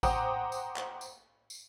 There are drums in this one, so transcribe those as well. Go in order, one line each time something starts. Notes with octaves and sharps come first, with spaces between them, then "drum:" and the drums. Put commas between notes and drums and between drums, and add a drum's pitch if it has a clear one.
C5 F#5 G5 A#5 D6 D#6, drum: kick A1, tambourine
drum: tambourine
drum: clap
drum: tambourine
drum: tambourine